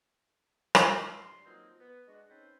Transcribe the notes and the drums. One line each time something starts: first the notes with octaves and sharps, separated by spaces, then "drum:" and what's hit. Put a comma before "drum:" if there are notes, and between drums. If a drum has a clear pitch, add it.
drum: rim click
F#3 D#4 E4 E6 F6
G2 C6
D#3 F3 F#3 A#3 C4 D#4
B3
G#3 D4 F#4
C4 C#4 D#4 A4 B4 C5